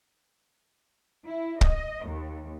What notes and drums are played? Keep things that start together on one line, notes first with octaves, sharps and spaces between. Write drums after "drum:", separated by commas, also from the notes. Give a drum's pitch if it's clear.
E4
D#5, drum: kick
D#2